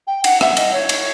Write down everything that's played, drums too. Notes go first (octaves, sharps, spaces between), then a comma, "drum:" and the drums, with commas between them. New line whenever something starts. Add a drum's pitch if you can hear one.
G5
F#5, drum: cymbal
E5, drum: rim click
D#5, drum: cymbal
C#5
drum: cymbal